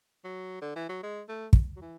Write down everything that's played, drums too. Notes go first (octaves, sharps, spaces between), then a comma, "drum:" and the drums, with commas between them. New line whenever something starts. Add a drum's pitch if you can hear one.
F#3
D3
E3
F#3
G#3
A3
drum: kick
F#3
E3